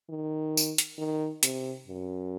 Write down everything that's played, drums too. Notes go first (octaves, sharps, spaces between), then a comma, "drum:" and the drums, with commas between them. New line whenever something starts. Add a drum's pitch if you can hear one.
D#3
drum: tambourine
drum: hi-hat
D#3
C3, drum: hi-hat
F#2